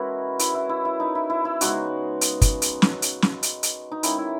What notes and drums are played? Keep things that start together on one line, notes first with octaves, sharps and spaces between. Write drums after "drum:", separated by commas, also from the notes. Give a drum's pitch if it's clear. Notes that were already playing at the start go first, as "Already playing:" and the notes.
Already playing: E3 G#3 C#4 E4 F#4 A#4
E4, drum: hi-hat
E4
E4
E4
D#4
E4
E4
E4
C#3 G#3 B3 D#4 F#4, drum: hi-hat
drum: hi-hat
drum: kick, hi-hat
drum: hi-hat
drum: snare
drum: hi-hat
drum: snare
drum: hi-hat
drum: hi-hat
D#4
D#3 G#3 C#4 E4, drum: hi-hat
E4